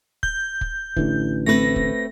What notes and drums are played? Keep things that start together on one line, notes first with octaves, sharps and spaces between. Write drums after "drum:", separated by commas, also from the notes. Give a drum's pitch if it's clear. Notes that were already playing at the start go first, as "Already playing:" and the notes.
G6, drum: kick
drum: kick
A1 D3 E3, drum: kick
A3 C4 B4 A#6
drum: kick